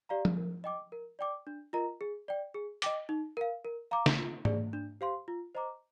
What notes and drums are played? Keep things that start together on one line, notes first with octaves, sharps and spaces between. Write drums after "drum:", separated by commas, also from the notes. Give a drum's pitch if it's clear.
G4 D5 F5 A#5
drum: tom F3
A#4
D#5 G5 D6
A#4
D5 G5 D6
D4
F4 A#4 D#5 A#5
G#4
D5 G5
G#4
D#5 G5 D6, drum: hi-hat
D#4
A#4 F5
A#4
F5 A#5 D6
drum: snare
F4
G#4 D5, drum: tom G#2
D4
G4 C5 F5 C6
F4
C5 D#5 A#5 D6